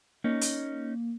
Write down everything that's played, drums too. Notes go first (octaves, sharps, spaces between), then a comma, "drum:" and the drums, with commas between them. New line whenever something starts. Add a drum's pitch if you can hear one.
A#3 C#4 D#4
drum: hi-hat